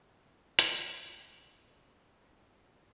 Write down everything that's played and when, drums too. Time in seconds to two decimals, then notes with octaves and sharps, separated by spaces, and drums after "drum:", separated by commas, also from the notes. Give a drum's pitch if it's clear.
0.24 D#5
0.59 A3, drum: hi-hat
0.92 B6
1.17 C#6
1.35 E5
1.59 F#4
1.83 D#5
2.19 G5
2.61 G#4